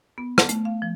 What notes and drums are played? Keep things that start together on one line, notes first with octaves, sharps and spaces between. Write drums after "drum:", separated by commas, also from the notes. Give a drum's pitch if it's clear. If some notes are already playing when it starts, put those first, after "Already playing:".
B3
drum: rim click
A3, drum: hi-hat
F5
F3